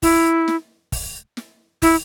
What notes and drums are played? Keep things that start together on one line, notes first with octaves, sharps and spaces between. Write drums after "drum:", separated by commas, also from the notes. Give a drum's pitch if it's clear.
E4, drum: kick, open hi-hat
drum: snare
drum: kick, open hi-hat
drum: snare
E4, drum: kick, open hi-hat